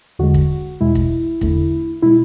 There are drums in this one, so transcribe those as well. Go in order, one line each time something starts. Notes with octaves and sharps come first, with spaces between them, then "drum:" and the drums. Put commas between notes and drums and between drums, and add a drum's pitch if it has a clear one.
E2 D3 G#3 F#4
drum: kick
E2 B2 G#3 E4
drum: kick
E2 D3 A3, drum: kick
B2 G#3 E4